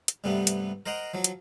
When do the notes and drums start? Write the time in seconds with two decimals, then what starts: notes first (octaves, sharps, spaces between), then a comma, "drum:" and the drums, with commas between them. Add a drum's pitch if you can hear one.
0.08 drum: hi-hat
0.24 G2 C3 G3 A3 B3
0.47 drum: hi-hat
0.86 A#4 C5 D#5 F#5 G5 A#5
1.14 F3 F#3
1.24 drum: hi-hat